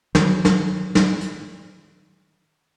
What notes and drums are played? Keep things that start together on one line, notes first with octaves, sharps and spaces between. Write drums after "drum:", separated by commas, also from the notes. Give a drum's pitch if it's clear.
D#3 F#3, drum: snare
drum: snare
drum: snare
drum: hi-hat